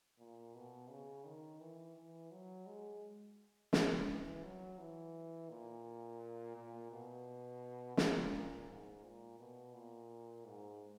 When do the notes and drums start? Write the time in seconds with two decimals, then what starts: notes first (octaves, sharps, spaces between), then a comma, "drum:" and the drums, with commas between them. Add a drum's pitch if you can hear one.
0.19 A#2
0.54 B2
0.89 C#3
1.25 D#3
1.60 E3
1.96 E3
2.31 F#3
2.66 G#3
3.73 drum: snare
4.08 E3
4.43 F#3
4.79 E3
5.50 A#2
6.56 A#2
6.92 B2
7.97 A#2, drum: snare
8.68 G#2
9.03 A#2
9.39 B2
9.74 A#2
10.45 G#2